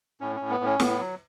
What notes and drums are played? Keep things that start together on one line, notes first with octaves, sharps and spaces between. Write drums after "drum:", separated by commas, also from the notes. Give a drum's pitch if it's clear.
A2 C#4
A2 C#4
B3
A2
C#4
A2 B3, drum: snare
F#3